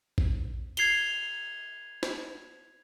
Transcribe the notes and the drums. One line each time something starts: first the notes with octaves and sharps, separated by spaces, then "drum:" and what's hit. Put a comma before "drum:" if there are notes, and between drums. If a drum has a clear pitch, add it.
drum: kick A1
G#6 C7 F7 G7, drum: cymbal
drum: snare